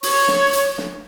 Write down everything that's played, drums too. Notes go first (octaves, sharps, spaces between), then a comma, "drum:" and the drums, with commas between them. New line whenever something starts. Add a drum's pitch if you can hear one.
C#5 C#6, drum: open hi-hat
drum: snare
drum: hi-hat
drum: snare